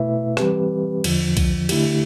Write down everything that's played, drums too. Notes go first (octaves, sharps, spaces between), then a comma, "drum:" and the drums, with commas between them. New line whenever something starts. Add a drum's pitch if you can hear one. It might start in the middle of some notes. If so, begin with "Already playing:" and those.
Already playing: B2 A3 E4 B4 E5
E3 G3 C4 G4 B4, drum: rim click
E2 D3 F3, drum: cymbal
drum: kick B1, cymbal
D3 A3 E4 G4, drum: cymbal